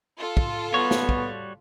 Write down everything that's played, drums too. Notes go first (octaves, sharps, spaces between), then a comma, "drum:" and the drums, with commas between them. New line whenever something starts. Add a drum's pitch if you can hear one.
F4 A4
drum: kick
G3 B3 F#4 C#5
drum: snare
drum: kick